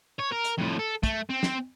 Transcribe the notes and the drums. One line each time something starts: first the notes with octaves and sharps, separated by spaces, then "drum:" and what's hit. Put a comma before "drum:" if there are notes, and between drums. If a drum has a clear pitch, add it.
C#5
A#4
drum: hi-hat
F2 A2
A4
A3, drum: kick, hi-hat
C4
drum: snare